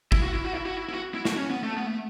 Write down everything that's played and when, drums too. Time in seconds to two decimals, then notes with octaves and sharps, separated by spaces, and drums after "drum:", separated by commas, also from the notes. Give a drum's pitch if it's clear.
0.12 E4, drum: kick G1
0.23 F#4
0.33 E4
0.45 F#4
0.54 E4
0.65 F#4
0.77 E4
0.89 E4
0.94 F#4
1.14 E4
1.25 F#4, drum: snare
1.36 C#4
1.50 B3
1.63 A3
1.77 B3
1.87 A3